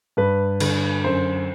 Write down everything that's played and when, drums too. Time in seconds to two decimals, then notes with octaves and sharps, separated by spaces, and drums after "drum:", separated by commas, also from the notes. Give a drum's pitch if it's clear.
0.17 G2 B4
0.60 D3, drum: cymbal
1.04 F#2 C5